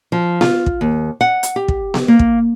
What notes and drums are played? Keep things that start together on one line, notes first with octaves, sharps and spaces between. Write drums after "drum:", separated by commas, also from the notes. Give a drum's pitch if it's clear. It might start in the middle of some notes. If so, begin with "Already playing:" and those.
F3
F4, drum: snare B3
drum: kick
D#2
F#5
drum: hi-hat
G4
drum: kick
drum: snare B3
A#3
drum: kick